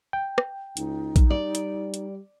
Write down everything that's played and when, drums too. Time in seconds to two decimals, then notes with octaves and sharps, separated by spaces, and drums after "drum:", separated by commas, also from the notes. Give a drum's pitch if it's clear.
0.13 G5
0.38 drum: rim click
0.77 C#2 D#4, drum: hi-hat
1.16 drum: kick A#1, hi-hat
1.30 G3 D5
1.55 drum: hi-hat
1.94 drum: hi-hat